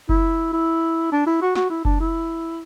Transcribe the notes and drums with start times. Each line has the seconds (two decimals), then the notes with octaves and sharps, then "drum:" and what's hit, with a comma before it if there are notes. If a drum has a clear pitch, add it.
0.09 E4, drum: kick F#1
0.53 E4
1.12 D4
1.27 E4
1.41 F#4
1.55 F#4, drum: snare
1.70 E4
1.85 D4, drum: kick F#1
2.00 E4